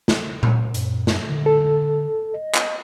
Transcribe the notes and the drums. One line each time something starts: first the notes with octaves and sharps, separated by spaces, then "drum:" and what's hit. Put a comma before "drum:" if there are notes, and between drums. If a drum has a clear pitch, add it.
drum: snare
drum: tom A#2
F#2, drum: hi-hat
drum: snare
D3
A4
D#5
drum: clap